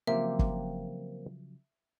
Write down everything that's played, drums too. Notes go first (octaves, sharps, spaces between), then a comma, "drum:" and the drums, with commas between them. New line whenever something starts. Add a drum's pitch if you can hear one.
C#3 F3 F#3 A#3 C4 G4 E5
drum: kick